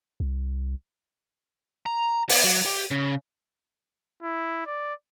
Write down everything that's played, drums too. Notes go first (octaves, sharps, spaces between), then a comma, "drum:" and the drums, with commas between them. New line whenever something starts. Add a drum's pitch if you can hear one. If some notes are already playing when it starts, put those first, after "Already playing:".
C2
A#5
B3, drum: open hi-hat
F#3
G4
C#3
E4
D5